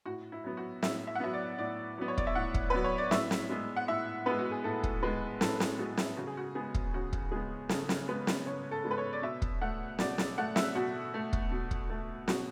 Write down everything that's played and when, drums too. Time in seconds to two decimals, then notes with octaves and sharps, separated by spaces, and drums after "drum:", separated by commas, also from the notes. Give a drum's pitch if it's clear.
0.05 A2 F#4
0.32 E4
0.44 F#3 B3
0.57 F#4
0.83 A2 E5, drum: snare
1.07 E5
1.15 F#5
1.20 F#3 B3 E5
1.33 D5
1.58 A2 D5
1.98 F#3 B3
2.08 C#5
2.18 D5, drum: kick
2.27 E5
2.35 A2 F#5
2.54 drum: kick
2.70 F#3 B3 B4
2.84 C#5
2.98 D5
3.11 A2 E5, drum: snare
3.31 drum: snare
3.49 G#3 B3
3.76 F#5
3.88 A2 E5
4.26 G#3 B3 B4
4.38 F#4
4.51 G#4
4.64 A2 A4
4.83 drum: kick
5.03 G#3 B3 B4
5.41 A2 A4, drum: snare
5.60 G#4, drum: snare
5.78 G#3 B3 F#4
5.97 E4, drum: snare
6.17 C#3 F#4
6.27 G#4
6.37 F#4
6.55 G#3 B3 G#4
6.74 drum: kick
6.94 C#3 F#4
7.13 drum: kick
7.31 G#3 B3 G#4
7.69 C#3 A4, drum: snare
7.89 drum: snare
8.08 G#3 B3 B4
8.27 drum: snare
8.46 C#3 C#5
8.71 A4
8.84 G#3 B3
8.91 B4
8.98 C#5
9.13 D5
9.22 B2 E5
9.42 drum: kick
9.61 A3 F#5
9.99 B2 D5, drum: snare
10.18 drum: snare
10.38 A3 F#5
10.56 E5, drum: snare
10.75 B2 F#4
11.14 A3
11.33 drum: kick
11.51 B2
11.71 drum: kick
11.90 A3
12.28 B2 F#4, drum: snare